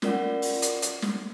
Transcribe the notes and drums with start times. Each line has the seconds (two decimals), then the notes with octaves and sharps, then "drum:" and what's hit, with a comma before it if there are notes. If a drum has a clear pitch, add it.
0.02 C#4 F4 A#4 D5 F#5, drum: snare
0.42 drum: open hi-hat
0.62 drum: hi-hat
0.82 drum: hi-hat
1.02 drum: snare